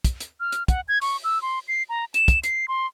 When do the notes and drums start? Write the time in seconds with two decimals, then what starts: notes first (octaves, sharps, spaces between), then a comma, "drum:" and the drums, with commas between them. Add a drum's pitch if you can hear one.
0.05 drum: kick, hi-hat
0.20 drum: hi-hat
0.40 F6
0.52 drum: hi-hat
0.68 F#5, drum: kick, hi-hat
0.88 G#6
1.02 C#6, drum: open hi-hat
1.24 E6
1.42 C6
1.68 C7
1.89 A#5
2.14 E7, drum: hi-hat
2.28 drum: kick, hi-hat
2.44 C7, drum: hi-hat
2.68 C6